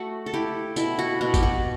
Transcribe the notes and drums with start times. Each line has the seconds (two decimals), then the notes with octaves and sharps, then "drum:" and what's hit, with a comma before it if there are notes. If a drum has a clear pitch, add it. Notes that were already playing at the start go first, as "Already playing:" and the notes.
Already playing: A3 F#4
0.26 A4
0.34 E4 G4
0.76 B2 E4, drum: tambourine
0.99 F#4
1.21 B2 F#4
1.34 G4, drum: kick, tambourine
1.43 F#4